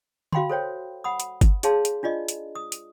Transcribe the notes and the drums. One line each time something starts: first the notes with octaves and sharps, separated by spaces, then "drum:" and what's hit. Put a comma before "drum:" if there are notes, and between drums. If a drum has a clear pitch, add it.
F#4 F5 G5 B5 C6, drum: tom D3
A4 C5 C#5 G5
F#5 B5 D#6
drum: hi-hat
drum: kick G1, hi-hat
D#4 G#4 C#5 F5 A5 C6, drum: hi-hat
drum: hi-hat
D4 F4 D5 D#5
drum: hi-hat
D#6
drum: hi-hat